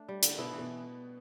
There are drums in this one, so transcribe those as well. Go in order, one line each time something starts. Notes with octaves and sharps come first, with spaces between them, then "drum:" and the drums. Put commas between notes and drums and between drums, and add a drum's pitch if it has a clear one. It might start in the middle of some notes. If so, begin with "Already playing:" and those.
Already playing: A3 D4
G3
D3, drum: hi-hat
B2 B3 E4
E3
B2 B3